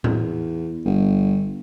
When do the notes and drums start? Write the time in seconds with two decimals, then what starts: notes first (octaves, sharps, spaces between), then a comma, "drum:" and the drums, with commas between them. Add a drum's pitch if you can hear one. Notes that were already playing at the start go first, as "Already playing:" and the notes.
0.04 E2, drum: tom A2
0.85 G1